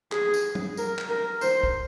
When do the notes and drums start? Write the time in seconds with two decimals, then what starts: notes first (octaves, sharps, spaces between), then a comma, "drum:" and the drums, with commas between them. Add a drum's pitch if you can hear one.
0.12 G#4, drum: clap
0.34 drum: tambourine
0.55 drum: tom F#3
0.77 A#4, drum: tambourine
0.99 drum: clap
1.09 A#4
1.41 C5, drum: tambourine
1.63 drum: kick